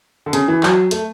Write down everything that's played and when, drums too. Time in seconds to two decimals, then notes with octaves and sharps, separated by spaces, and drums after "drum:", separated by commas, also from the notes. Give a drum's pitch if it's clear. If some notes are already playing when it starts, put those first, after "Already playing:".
0.26 D3
0.33 C#3, drum: hi-hat
0.48 E3
0.63 F#3, drum: clap
0.91 A3, drum: hi-hat